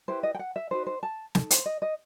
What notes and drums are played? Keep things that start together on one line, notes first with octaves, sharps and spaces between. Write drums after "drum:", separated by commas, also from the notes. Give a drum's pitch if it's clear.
E4 G4 B4 C5
D#5
G5
F#5
E5
D#4 F#4 B4 C5
C5
A5
D#4 A4, drum: snare
C5, drum: hi-hat
D#5
D#5